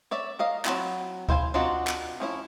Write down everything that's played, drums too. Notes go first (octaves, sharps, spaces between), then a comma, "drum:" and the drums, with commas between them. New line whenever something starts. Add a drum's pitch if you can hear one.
C#5 D5 E5
A#4 D#5 F5
F#3 C4 E4 E5, drum: clap
E4 C5 F5 G#5, drum: kick D2
C4 D4 D#4 F4 F#4
drum: clap
F3 C#4 E4